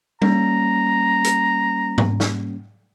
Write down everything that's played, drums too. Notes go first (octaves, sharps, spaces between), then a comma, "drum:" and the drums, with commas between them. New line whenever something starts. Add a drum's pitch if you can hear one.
G3 A#3 C#4 A#5, drum: tom G3
drum: hi-hat
drum: tom G#2
drum: snare